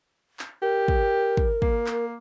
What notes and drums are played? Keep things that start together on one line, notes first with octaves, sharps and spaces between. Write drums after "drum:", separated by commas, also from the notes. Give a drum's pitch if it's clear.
drum: clap
G4 A#4
drum: kick
drum: kick
A#3, drum: kick
drum: clap